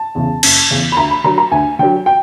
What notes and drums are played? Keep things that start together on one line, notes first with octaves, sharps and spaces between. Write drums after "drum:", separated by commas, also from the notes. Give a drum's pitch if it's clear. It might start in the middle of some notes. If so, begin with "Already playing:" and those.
Already playing: A5
E2 C#3
F#1, drum: cymbal
E2 C#3
B5
D2 A#5
B5
D3 F#3 A#5
A#5
D2 G#5
D3 F#3 G5
G5